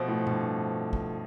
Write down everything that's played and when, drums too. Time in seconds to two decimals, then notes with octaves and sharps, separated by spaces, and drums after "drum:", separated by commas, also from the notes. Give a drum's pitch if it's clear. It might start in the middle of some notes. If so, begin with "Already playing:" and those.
Already playing: B2 F3 A3 C4
0.08 A2
0.27 G2, drum: tom
0.93 drum: kick